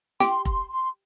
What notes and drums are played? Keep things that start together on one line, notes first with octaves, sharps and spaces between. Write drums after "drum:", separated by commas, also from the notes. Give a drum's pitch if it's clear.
G4 C6, drum: snare
C6, drum: kick F1
C6